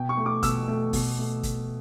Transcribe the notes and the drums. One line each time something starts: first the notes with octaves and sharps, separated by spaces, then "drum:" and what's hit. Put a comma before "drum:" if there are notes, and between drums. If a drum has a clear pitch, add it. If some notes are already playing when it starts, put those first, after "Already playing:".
Already playing: B2 G5
C#6
A3
D6
B2 E6, drum: kick, hi-hat
A3
B2, drum: kick, open hi-hat
A3
drum: kick, hi-hat